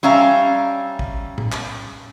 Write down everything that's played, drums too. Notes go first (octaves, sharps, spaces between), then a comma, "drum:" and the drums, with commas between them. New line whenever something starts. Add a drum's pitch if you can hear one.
G3 C#4 E5 F5 A#5
drum: kick
drum: tom A2
drum: clap